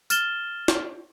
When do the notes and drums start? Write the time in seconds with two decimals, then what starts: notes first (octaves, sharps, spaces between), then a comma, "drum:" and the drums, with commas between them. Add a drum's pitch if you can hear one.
0.10 F6 A6 E7 G7, drum: tambourine
0.68 drum: snare